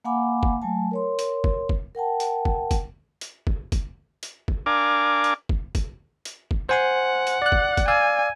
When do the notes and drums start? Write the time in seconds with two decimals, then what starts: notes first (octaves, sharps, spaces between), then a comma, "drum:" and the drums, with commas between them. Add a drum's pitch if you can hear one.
0.04 A#3 F5 F#5 G#5 B5 D6
0.43 drum: kick
0.62 F#3 A3 G#5 A5
0.91 A#4 C#5 C6
1.19 drum: hi-hat
1.44 drum: kick
1.69 drum: kick
1.95 A#4 F#5 G5 A5
2.20 drum: hi-hat
2.45 drum: kick
2.71 drum: kick, hi-hat
3.21 drum: hi-hat
3.47 drum: kick
3.72 drum: kick, hi-hat
4.23 drum: hi-hat
4.48 drum: kick
4.66 D4 A#4 D5 F5 G#5 D6
5.24 drum: hi-hat
5.49 drum: kick
5.75 drum: kick, hi-hat
6.25 drum: hi-hat
6.51 drum: kick
6.69 C5 F#5 G#5 C6
7.27 drum: hi-hat
7.42 D5 F#6
7.52 drum: kick
7.77 drum: kick, hi-hat
7.88 D5 F5 G#5 E6